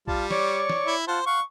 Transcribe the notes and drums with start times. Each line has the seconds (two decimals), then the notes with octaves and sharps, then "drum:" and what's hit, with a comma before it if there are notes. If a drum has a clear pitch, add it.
0.07 G3 F4 A5, drum: kick A#1
0.30 C#5 D5 C#6, drum: snare
0.69 drum: snare
0.86 E4
1.08 F4 C5 F#5 A5
1.26 F5 F#5 C#6